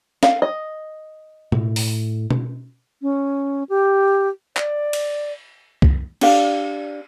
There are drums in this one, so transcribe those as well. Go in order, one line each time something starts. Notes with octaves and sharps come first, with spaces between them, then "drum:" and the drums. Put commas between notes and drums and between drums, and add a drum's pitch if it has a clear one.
F5, drum: snare
D#5
A2, drum: tom B2
drum: open hi-hat
drum: tom B2
C#4
G4
D5, drum: clap
drum: cymbal
drum: kick
D4 G4 D5 F5, drum: cymbal